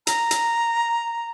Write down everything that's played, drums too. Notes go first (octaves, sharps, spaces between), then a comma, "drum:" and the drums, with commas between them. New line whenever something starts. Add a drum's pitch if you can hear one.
A#5, drum: hi-hat
drum: hi-hat